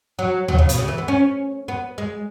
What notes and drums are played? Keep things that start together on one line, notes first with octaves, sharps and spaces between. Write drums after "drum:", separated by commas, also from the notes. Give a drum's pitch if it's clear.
F#3
F#3, drum: tom D2
C#3
B2, drum: hi-hat
C#3
E3
B3
C#4
B3
G#3